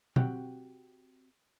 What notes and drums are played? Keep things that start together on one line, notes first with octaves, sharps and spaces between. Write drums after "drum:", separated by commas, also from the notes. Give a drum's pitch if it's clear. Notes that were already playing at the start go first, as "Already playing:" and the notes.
C4 F#4 G4 F#5 G5, drum: tom B2